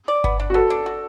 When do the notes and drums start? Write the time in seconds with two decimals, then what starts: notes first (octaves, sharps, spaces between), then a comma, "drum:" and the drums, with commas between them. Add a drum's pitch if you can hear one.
0.08 D5
0.24 B3, drum: kick G1
0.40 D4
0.50 F#4
0.54 B3 A4
0.70 D4
0.86 F#4